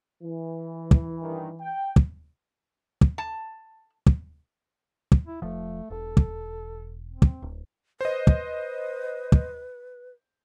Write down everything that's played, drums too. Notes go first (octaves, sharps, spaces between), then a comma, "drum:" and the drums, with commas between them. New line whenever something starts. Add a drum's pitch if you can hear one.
E3
drum: kick
G2 D#3
G5
drum: kick
drum: kick
A5
drum: kick
drum: kick
E4
F1 F3 A3
E1 A4
drum: kick
C4
drum: kick
D1
B4 C5 D#5
drum: kick
drum: kick